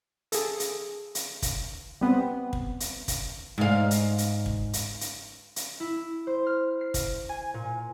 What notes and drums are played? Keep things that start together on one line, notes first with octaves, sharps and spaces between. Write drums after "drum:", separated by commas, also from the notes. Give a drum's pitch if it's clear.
G#4 A4, drum: hi-hat
drum: hi-hat
drum: hi-hat
drum: kick, hi-hat
G3 B3 C4
drum: kick
drum: hi-hat
drum: kick, hi-hat
G#2 F5
drum: hi-hat
drum: hi-hat
drum: kick
drum: hi-hat
drum: hi-hat
drum: hi-hat
E4
C5
F6
C7
drum: kick, hi-hat
G#5
A#2